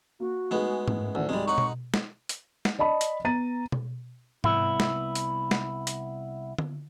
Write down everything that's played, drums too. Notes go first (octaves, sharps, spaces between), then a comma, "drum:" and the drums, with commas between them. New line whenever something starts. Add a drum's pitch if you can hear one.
A#3 F#4
G#3 A3 B3 D#4 G#4
F#2 A2, drum: tom G#2
D2 D#3 E3 F#5 G#5
C2 G#2 G3 G#3 F#4
D#4 C#5 F#5 C#6
drum: tom B2
drum: snare
drum: hi-hat
drum: snare
D5 D#5 A5 B5
drum: hi-hat
B3 A#5 A6 D#7
drum: tom B2
C2 B3 E4, drum: tom G#2
drum: snare
drum: hi-hat
drum: snare
drum: hi-hat
drum: tom D3